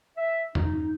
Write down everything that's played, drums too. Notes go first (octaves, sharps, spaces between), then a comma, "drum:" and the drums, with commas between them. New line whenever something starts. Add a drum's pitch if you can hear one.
E5
D#4, drum: tom E2